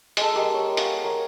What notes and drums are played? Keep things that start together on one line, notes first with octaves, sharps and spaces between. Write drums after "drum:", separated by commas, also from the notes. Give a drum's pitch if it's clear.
G#3 A4, drum: hi-hat
G#3 G4 A#4
C#5
C#5 F5 F#5, drum: hi-hat
A#4 C#5 G5